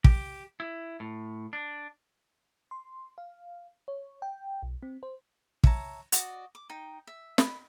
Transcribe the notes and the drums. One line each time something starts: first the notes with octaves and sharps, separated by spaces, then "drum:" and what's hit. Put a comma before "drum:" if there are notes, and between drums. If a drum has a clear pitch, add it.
G4, drum: kick
E4
A2
D4
C6
F5
C#5
G5
B1
C4
C5
C#5 E5 A5 A#5, drum: kick
F#4 D5 D#5, drum: hi-hat
D6
D#4 G5
E5
B5, drum: snare